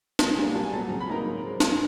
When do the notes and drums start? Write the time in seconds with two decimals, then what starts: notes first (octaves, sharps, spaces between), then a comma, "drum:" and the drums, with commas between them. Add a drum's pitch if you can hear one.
0.19 B2, drum: snare
0.37 G3 A#3 D4 G#4 G#5
0.54 C2 A5
0.64 G#5
0.72 A#2 F#3 B3 A4 A5
0.89 C#3 A#5
1.00 B5
1.07 F#3 A#3 D#4 A#4 A#5
1.26 G#2
1.43 F3 G#3
1.60 G#2, drum: snare